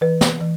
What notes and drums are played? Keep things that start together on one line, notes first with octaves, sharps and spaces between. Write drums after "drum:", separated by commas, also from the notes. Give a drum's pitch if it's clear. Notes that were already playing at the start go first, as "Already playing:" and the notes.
E3 B4
drum: snare
E3